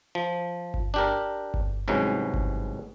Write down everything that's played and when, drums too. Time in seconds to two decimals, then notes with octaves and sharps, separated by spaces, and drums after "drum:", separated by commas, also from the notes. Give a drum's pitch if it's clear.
0.15 F3
0.74 drum: kick G1
0.94 D4 G4 A#4
1.54 drum: kick G1
1.88 C2 G#2 E3 F#3 C#4
2.34 drum: kick G1